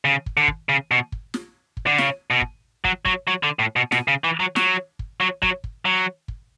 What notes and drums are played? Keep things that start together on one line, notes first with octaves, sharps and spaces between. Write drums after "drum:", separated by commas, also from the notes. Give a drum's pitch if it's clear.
C#3
drum: kick
D3
drum: kick
C#3
B2
drum: kick
drum: snare
drum: kick
D3
C#3, drum: snare
B2
drum: kick
F#3, drum: kick
F#3, drum: kick
F#3
D3
A2
B2
B2, drum: snare
C#3
E3
F#3
F#3, drum: snare
drum: kick
F#3
F#3, drum: kick
drum: kick
F#3
drum: kick